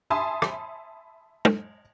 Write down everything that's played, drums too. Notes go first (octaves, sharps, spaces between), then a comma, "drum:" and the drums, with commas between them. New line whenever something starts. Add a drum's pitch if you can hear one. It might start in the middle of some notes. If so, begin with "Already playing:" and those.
E5 G#5 A5 B5 C6 D#6
drum: rim click
drum: tom